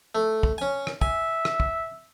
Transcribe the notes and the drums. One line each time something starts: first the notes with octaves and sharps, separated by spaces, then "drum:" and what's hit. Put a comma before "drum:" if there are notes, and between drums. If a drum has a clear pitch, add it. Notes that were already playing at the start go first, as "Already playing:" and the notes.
A3
drum: kick
C#4 G#5
drum: rim click
E5 G#5, drum: kick
drum: rim click
drum: kick